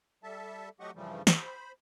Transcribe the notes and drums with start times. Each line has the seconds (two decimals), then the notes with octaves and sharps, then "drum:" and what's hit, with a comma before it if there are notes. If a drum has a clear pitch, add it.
0.23 G3 A4 E5 A5
0.80 F#3 A3 G4 D#5 F#5 C#6
0.95 G2 C#3 E3 F3 G3 A3
1.27 drum: snare
1.39 C5 B5